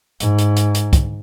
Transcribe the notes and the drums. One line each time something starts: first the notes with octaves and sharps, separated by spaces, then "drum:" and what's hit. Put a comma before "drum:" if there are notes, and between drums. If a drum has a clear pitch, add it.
G#2, drum: hi-hat
drum: hi-hat
drum: hi-hat
drum: hi-hat
drum: kick, hi-hat